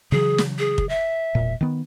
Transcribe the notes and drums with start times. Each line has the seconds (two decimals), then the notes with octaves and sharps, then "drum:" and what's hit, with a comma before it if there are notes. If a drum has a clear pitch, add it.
0.12 C#3 E3 F#3 G#4
0.38 drum: snare
0.59 G#4
0.78 drum: kick
0.89 E5
1.35 E1 A#2
1.61 D#3 B3